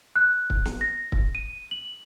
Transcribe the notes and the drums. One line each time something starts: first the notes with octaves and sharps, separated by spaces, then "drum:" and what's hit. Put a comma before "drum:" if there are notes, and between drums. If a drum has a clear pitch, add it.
F#6
drum: kick
drum: snare
A#6
drum: kick
D#7
F#7